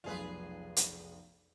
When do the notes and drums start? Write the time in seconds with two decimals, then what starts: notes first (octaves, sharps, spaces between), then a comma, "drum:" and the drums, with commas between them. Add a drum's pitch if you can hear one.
0.04 F1 B1 F4 G#4 B4
0.76 drum: hi-hat